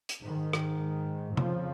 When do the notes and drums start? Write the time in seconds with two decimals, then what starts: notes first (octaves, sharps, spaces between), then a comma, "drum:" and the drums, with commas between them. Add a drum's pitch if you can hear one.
0.09 drum: hi-hat
0.25 G#2 D#3
0.53 drum: rim click
1.37 F2 C#3 F3, drum: tom